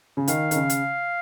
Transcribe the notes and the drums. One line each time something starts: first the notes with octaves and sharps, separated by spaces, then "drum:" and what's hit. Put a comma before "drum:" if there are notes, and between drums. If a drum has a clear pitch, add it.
C#3
D#3 F5, drum: hi-hat
D#3, drum: hi-hat
C#3
drum: hi-hat